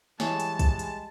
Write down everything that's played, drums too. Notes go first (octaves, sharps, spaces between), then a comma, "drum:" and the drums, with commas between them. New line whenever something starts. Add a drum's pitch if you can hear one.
E3 G3 G#3 G#4 C#5 A5, drum: snare
drum: hi-hat
drum: kick, hi-hat
drum: hi-hat